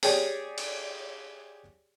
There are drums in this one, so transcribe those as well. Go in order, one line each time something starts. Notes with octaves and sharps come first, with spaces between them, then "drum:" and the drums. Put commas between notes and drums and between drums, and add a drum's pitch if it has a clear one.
G4 G#4 C#5 D5 G5 G#5, drum: open hi-hat
drum: cymbal